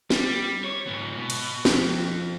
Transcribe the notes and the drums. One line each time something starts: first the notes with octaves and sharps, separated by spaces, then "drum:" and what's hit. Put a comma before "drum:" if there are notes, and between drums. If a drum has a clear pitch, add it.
G3, drum: snare
C#5
G#2 B3
B2
drum: cymbal
F2, drum: snare